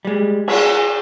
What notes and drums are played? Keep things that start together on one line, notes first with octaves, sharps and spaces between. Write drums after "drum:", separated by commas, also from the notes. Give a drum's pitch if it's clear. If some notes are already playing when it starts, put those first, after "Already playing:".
G3 G#3
G#4, drum: cymbal